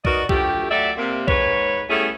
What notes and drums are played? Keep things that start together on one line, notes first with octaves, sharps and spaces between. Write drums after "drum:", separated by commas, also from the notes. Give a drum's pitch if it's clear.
D#4 F#4 A#4 B4 D5 D#5, drum: kick
D2 F3 A3 G4, drum: kick
F#3 A3 D5 E5
C3 A#3
G#2 B4 C#5, drum: kick
G3 A3 B3 C#4 E4 G#4